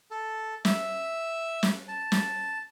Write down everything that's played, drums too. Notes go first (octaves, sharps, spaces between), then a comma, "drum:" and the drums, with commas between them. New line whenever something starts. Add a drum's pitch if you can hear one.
A4
E5, drum: snare
drum: snare
A5
drum: snare